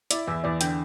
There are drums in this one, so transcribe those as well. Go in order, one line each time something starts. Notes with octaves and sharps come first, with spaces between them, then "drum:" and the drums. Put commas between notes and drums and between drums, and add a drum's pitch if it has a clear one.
E4 D5, drum: hi-hat
E2 E5
E2 D5
D3 G5, drum: hi-hat